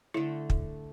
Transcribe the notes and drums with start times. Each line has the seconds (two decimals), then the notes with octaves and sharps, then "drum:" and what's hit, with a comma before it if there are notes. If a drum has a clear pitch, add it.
0.14 D3 A3 E4
0.50 drum: kick